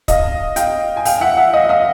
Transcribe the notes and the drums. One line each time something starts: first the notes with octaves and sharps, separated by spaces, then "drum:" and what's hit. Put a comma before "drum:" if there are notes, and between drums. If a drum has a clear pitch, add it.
D#5 F5, drum: kick, hi-hat
F5 G5, drum: hi-hat
G#5
F5 G5, drum: open hi-hat
E5 F#5
E5 F#5
D#5 F5
D#5 F5